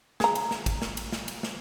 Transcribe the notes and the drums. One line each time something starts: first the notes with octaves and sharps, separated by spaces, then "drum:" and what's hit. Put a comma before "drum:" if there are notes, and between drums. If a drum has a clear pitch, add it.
G#4 A#5, drum: snare
drum: cymbal
drum: snare
drum: kick, cymbal
drum: snare
drum: cymbal
drum: snare
drum: cymbal
drum: snare